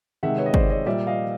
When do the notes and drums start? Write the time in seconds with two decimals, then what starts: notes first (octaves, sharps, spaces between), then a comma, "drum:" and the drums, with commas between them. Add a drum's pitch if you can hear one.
0.23 C3 D#3 G#3 E5 F#5
0.38 B4 C#5
0.46 D#5
0.54 C5 D5, drum: kick
0.70 C#5 D#5
0.86 A#2 G3 D5 E5
1.07 D#5 F5